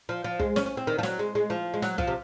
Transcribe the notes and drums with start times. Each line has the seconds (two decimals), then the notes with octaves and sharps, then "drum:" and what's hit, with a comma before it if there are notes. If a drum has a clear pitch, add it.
0.09 F3
0.24 F3
0.39 G#3, drum: kick
0.56 C#4, drum: snare
0.66 C#4
0.77 C4
0.87 D#3
0.98 F3
1.03 F#3, drum: snare
1.19 G#3
1.35 G#3
1.50 F3
1.74 G#3
1.82 F#3, drum: snare
1.98 F3, drum: kick
2.07 C3